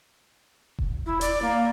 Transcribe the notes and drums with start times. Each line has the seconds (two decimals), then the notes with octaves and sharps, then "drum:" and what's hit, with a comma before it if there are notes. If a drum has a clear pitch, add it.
0.79 drum: kick E1
1.06 E4
1.21 D5, drum: hi-hat
1.42 A#3